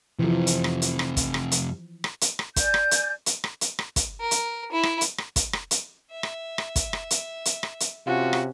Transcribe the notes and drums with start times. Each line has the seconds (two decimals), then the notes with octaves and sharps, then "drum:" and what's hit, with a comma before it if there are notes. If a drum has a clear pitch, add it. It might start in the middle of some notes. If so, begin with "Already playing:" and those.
0.19 F2 C3 E3 F3
0.47 drum: hi-hat
0.64 drum: rim click
0.82 drum: hi-hat
0.99 drum: rim click
1.17 drum: kick, hi-hat
1.34 drum: rim click
1.52 drum: hi-hat
2.04 drum: rim click
2.21 drum: hi-hat
2.39 drum: rim click
2.56 D5 G#5 G6, drum: kick, hi-hat
2.74 drum: rim click
2.91 drum: hi-hat
3.26 drum: hi-hat
3.44 drum: rim click
3.61 drum: hi-hat
3.79 drum: rim click
3.96 drum: kick, hi-hat
4.20 A#4
4.31 drum: hi-hat
4.72 E4
4.83 drum: rim click
5.01 drum: hi-hat
5.18 drum: rim click
5.36 drum: kick, hi-hat
5.53 drum: rim click
5.71 drum: hi-hat
6.11 E5
6.23 drum: rim click
6.58 drum: rim click
6.76 drum: kick, hi-hat
6.93 drum: rim click
7.11 drum: hi-hat
7.45 drum: hi-hat
7.63 drum: rim click
7.80 drum: hi-hat
8.06 C3 C#4 F4 F#4
8.33 drum: rim click